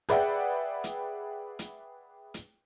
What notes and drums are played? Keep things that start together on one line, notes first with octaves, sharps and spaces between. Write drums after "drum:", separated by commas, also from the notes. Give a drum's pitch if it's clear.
G#4 B4 D5 E5 F#5 G5, drum: hi-hat
drum: hi-hat
drum: hi-hat
drum: hi-hat